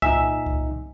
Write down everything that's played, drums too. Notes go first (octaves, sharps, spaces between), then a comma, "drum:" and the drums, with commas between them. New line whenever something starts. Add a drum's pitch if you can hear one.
A#2 D#4 E5 G#5, drum: kick C2
drum: kick C2